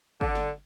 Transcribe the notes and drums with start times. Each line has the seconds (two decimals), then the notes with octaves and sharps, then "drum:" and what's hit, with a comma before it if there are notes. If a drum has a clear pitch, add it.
0.21 D3, drum: kick G1
0.35 drum: snare